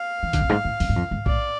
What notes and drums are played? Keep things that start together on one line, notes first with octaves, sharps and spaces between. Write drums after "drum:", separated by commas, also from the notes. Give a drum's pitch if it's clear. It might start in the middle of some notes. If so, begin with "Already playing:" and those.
Already playing: F5
E3
D3, drum: kick A#1, hi-hat
F2
G#2
A2
F2, drum: open hi-hat
G#2
F2
G#2
A2 D5, drum: kick A#1